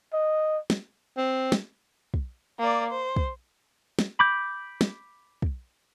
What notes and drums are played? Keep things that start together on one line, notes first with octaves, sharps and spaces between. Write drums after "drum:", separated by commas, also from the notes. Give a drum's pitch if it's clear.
D#5
drum: snare
C4
drum: snare
drum: kick
A#3 D5
C5
drum: kick
drum: snare
B5 D6 G6
drum: snare
drum: kick